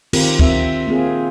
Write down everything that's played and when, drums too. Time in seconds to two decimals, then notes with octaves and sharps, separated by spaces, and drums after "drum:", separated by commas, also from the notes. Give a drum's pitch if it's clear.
0.13 D#3 C4 F4 G4 A#4, drum: cymbal
0.39 C4 E5, drum: kick
0.87 A#3 C4 F4 G#4